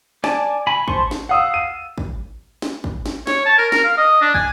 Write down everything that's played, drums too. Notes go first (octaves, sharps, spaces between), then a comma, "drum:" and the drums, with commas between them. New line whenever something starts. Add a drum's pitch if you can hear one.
D5 G#5 A5 D6, drum: snare
G#5 B5
C5 A5 C6 C#6, drum: kick
drum: snare
F5 F#5 D#6 E6
D#7
drum: kick
drum: snare
drum: kick
drum: snare
C#5, drum: snare
A5
A#4
A#4, drum: snare
F5
D#5
D4
G#5, drum: kick